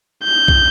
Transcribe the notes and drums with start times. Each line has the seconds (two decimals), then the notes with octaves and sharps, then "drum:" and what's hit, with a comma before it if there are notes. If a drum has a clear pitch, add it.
0.24 G6
0.48 drum: kick